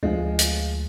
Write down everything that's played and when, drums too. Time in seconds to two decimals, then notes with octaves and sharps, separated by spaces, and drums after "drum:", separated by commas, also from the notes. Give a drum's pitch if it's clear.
0.03 D2 F3 G#3
0.39 drum: hi-hat